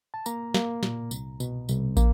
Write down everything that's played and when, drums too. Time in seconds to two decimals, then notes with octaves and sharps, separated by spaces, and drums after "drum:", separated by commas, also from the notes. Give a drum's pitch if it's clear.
0.14 A5
0.26 A#3 A#5, drum: tambourine
0.54 A#3, drum: snare
0.83 A#2, drum: snare
1.11 C2, drum: tambourine
1.40 B2, drum: tambourine
1.69 C2, drum: tambourine
1.97 A#3, drum: kick, tambourine